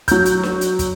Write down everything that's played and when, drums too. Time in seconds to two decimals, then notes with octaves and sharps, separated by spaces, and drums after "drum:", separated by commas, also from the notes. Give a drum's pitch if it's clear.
0.08 F#3 G6, drum: kick, hi-hat
0.26 drum: hi-hat
0.43 drum: snare D4
0.61 drum: hi-hat
0.79 drum: kick, hi-hat